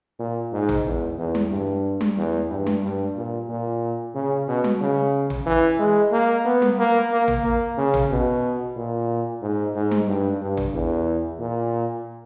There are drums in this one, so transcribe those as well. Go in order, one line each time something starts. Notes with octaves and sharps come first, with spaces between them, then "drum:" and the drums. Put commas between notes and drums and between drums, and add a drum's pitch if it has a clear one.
A#2
G#2
drum: tom A1
E2
E2
drum: tom G3
G2
drum: tom G3
E2
G2
drum: tom G3
G2
A#2
A#2
C#3
B2
drum: tom G3
C#3
drum: tom A1
E3
G#3
A#3
B3
drum: tom G3
A#3
A#3
drum: tom A1
A#3
C#3
drum: tom A1
B2
A#2
G#2
G#2
drum: tom G3
G2
G2
drum: tom A1
E2
A#2